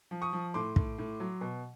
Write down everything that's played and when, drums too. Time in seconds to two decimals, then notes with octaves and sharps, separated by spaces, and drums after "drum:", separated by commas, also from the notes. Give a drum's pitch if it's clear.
0.11 F3
0.22 C#6 D#6
0.33 F3
0.54 A2 C6 D6
0.76 A2, drum: kick
0.98 A2
1.20 F#3
1.41 B2